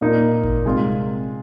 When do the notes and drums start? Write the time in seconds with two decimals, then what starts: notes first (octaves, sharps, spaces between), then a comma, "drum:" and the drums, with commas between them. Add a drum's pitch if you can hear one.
0.01 A#2 A#3 D#4
0.44 drum: kick G#1
0.65 C3 G#3 F4